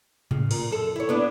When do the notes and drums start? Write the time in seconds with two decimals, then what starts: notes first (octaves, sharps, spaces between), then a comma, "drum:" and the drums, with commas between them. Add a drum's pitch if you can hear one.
0.31 C#3, drum: tom G#2
0.51 A#2, drum: cymbal
0.70 F#2 A4
0.96 E4 C#5
1.09 B3 D4 E4